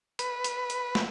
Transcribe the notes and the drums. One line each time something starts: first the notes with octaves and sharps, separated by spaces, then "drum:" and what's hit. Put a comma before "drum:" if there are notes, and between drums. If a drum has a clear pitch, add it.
B4, drum: hi-hat
drum: hi-hat
drum: hi-hat
drum: snare